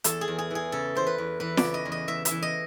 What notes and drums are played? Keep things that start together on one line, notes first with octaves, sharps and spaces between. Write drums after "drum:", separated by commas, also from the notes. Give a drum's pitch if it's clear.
E2 A4, drum: hi-hat
G#4
E2
G#4
E3 G#4
C#3 A4
E2 C5
B4
E2
E3 B4
D5, drum: snare
C#3
D#5
E2
D#5
E2 E5
E5, drum: hi-hat
E3
D#5